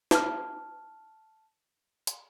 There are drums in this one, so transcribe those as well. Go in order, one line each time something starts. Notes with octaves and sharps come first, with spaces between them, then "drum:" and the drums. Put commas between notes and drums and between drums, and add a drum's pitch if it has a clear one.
A5 F6, drum: snare
drum: hi-hat